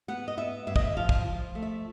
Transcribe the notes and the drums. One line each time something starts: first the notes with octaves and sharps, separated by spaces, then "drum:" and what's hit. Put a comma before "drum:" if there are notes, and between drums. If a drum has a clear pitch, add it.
B3 F#5
D#5
B3 E5
G2 E5
D#5, drum: kick
E5
F3 F5
drum: kick
F3
A3
E5